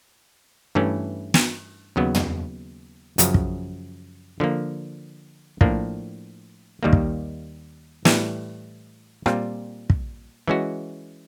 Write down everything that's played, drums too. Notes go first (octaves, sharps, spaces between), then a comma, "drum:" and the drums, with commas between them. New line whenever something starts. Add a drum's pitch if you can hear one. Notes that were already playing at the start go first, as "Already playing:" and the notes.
G2 E3 A3 C#4
drum: snare
D#2 C#3 F#3 B3
drum: tom
F#2 C#3 F3, drum: hi-hat
drum: kick
D3 F3 A#3
A2 F3 A#3 D4, drum: kick
D#2 D#3 G3 A#3
drum: kick
A2 E3 G3, drum: snare
A#2 G3 C4 F4, drum: rim click
drum: kick
E3 G#3 C#4 F#4